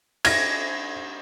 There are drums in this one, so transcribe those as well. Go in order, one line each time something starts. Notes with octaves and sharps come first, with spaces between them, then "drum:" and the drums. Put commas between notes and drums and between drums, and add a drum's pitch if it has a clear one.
G#6 A#6, drum: cymbal